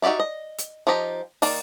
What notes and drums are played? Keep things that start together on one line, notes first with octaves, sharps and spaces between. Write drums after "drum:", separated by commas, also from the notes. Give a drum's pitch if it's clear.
D#4 F#4 G4 D5 E5
D#5
drum: hi-hat
F3 D#4 G4 D#5 A#5
D#3 A#3 D5, drum: open hi-hat